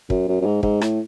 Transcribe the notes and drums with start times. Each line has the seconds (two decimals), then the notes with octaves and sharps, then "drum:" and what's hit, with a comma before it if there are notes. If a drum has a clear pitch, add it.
0.10 F#2, drum: kick
0.28 F#2
0.42 F#2
0.46 G#2
0.63 G#2, drum: kick
0.81 A2, drum: rim click